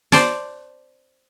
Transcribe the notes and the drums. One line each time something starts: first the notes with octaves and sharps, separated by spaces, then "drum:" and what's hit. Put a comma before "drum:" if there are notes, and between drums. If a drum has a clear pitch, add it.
C5 D5 A5, drum: snare